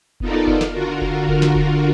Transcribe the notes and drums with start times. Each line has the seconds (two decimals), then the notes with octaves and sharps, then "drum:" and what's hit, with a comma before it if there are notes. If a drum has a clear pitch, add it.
0.20 B3 D#4 F4 A4 A#4 D5, drum: kick F1
0.47 drum: kick F1
0.61 drum: snare
0.71 D3 F4 F#4 A#4
1.01 drum: kick F1
1.29 drum: kick F1
1.42 drum: snare
1.56 drum: kick F1